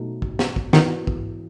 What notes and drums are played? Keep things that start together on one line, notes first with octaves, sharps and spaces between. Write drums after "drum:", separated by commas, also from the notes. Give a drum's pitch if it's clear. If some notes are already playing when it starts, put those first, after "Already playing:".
Already playing: B2 F#3 A3 D#4 A4
drum: kick
drum: snare
drum: kick
D#3 E3 B3 F#4, drum: snare
drum: kick